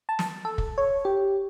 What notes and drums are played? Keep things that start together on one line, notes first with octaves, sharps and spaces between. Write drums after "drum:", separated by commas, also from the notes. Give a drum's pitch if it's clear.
A5
drum: snare
A4
drum: kick
C#5
G4